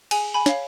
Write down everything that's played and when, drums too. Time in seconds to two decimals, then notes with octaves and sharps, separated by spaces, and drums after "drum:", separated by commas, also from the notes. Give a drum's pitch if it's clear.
0.11 G#4 G#5, drum: cymbal
0.34 G#5 B5
0.46 C#5 F5, drum: snare